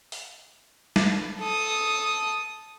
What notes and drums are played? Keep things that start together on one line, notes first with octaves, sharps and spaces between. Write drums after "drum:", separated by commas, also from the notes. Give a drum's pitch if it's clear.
drum: open hi-hat
drum: snare
A4 D#6